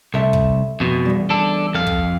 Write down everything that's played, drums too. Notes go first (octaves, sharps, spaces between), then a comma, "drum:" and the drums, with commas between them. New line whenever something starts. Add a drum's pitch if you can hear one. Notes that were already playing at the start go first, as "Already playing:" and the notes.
C2 A4 E5
drum: kick
F2 B2
E2 G3
D4 A4
F2 A4 F5
drum: kick